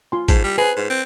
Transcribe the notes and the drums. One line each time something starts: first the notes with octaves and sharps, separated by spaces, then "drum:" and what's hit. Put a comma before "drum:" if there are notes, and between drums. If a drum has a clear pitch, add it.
F4 G#5 C6
G#2 A5, drum: kick, hi-hat
G3
G#4 B4 C5
G#2
C4